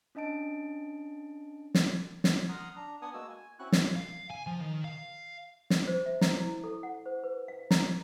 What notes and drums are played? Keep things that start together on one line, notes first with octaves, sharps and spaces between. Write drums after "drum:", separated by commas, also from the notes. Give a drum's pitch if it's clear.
C#4 D4 D#5 A5 D7
drum: snare
drum: snare
F#5 A#5 C6 D#6 F6
D4 A#5
B3 D4 B4 F#5 G#5 D#6
G#3 A#3 F#4 E6
G#5
C4 C#4 E4 F#4 C#6 F#6
drum: snare
F5
G#5
F3
D#3
F5
drum: snare
C5
E5
A#5, drum: snare
E4
A4
F#5
C5
B4
F5
A#5, drum: snare